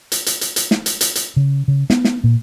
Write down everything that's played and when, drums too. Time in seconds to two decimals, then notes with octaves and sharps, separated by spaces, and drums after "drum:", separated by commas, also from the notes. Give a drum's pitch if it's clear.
0.12 drum: hi-hat
0.26 drum: hi-hat
0.41 drum: hi-hat
0.56 drum: hi-hat
0.71 drum: snare
0.86 drum: hi-hat
1.01 drum: hi-hat
1.15 drum: hi-hat
1.36 C#3
1.68 C#3
1.90 B3, drum: snare
2.04 drum: snare
2.24 A#2